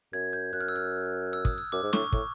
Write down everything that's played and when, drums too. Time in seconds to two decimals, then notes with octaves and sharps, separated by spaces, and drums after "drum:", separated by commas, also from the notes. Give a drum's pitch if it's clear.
0.13 F#2 G#6
0.33 G6
0.53 F#2 F#6
0.61 F6
0.68 E6
0.76 F6
1.33 E6
1.45 D#6, drum: kick
1.58 E6
1.72 F#2 D6
1.83 G#2
1.93 A2 C#6, drum: snare
2.12 A2, drum: kick